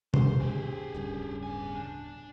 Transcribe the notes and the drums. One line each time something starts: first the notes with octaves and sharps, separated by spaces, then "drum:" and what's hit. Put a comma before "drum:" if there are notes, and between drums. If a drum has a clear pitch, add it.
C5, drum: tom
G4 G#4
D1 G2 C#3
B3 G#5
D4